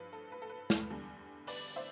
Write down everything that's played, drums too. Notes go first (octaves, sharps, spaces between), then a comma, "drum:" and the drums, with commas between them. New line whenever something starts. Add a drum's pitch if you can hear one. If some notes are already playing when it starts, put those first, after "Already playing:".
Already playing: G2 F3 B4
A4
B4
A4
B4
drum: snare
E2 D3 G3
B4 D5, drum: open hi-hat
C5 E5